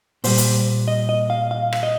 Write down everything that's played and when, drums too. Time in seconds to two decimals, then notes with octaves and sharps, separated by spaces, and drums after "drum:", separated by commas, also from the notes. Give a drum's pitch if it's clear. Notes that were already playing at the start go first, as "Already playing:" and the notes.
0.24 A#2 G3 C5, drum: open hi-hat
0.38 drum: hi-hat
0.88 D#5
1.09 D#5
1.30 F5
1.51 F5
1.73 drum: rim click
1.83 D#5